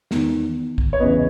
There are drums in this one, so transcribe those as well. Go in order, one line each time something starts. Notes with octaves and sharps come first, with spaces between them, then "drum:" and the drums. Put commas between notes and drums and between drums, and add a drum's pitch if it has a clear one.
E2 D#3, drum: snare
drum: kick B1
C#5
E2 C#3 E3 B4 D#5